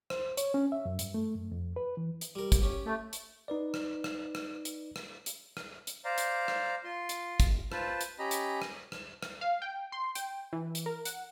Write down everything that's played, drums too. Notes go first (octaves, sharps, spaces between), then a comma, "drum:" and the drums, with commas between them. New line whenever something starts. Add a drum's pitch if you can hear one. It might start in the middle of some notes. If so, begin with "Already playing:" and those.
C5, drum: rim click
C#5, drum: hi-hat
C#4
E5
F#2
G2, drum: hi-hat
A3
F#2
F2
B4
E3
drum: hi-hat
G3 A#4
drum: kick, hi-hat
C#4 G4
A3
drum: hi-hat
D#4 B4 D5
drum: rim click
drum: rim click
drum: rim click
drum: hi-hat
drum: rim click
drum: hi-hat
drum: rim click
drum: hi-hat
C5 D5 F5 A#5
drum: hi-hat
drum: rim click
F4 C6
drum: hi-hat
drum: kick, hi-hat
F4 B4 C5 A5, drum: rim click
drum: hi-hat
C#4 G4 D#5 A#5 B5
drum: hi-hat
drum: rim click
drum: rim click
drum: rim click
F5
G5
C6
G5, drum: hi-hat
E3
drum: hi-hat
A#4
F#5, drum: hi-hat